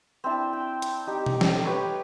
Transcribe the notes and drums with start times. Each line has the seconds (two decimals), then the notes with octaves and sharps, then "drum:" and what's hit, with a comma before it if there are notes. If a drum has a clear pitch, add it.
0.24 C4 D4 E4 A5
0.53 G5
0.82 drum: hi-hat
1.07 D#4 G4
1.26 drum: tom B2
1.41 drum: snare
1.66 G4 B4 C#5